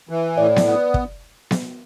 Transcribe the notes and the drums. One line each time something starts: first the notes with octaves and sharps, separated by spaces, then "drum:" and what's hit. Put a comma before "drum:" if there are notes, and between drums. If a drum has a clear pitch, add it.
E3
A2 D5
drum: snare B3
B3
drum: kick
drum: snare B3